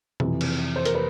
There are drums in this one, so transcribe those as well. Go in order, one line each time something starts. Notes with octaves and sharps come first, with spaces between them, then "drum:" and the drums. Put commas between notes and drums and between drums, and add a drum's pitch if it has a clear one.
F2 C3 E3, drum: tom B2
drum: cymbal
C5
A#4, drum: hi-hat
B4